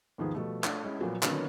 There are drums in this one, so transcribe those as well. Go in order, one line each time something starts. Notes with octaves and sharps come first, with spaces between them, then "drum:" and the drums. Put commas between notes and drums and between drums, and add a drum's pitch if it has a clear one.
D#2 G#2 D#3 F3 B3 G#4
B2 F3 G3 A3
A3 D4 F4, drum: clap
G#3 C#4 E4
A#2 F3 F#3 B3
D3 D#3 F#3 A#3 B3 C#4, drum: clap